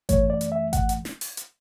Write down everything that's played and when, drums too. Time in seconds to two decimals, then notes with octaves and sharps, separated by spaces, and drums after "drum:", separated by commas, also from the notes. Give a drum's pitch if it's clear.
0.09 F#2 E3 A3 C#5, drum: kick G#1, hi-hat
0.30 D5
0.41 drum: hi-hat
0.52 E5
0.73 F#5, drum: kick G#1, hi-hat
0.89 drum: hi-hat
1.05 drum: snare
1.21 drum: open hi-hat
1.37 drum: hi-hat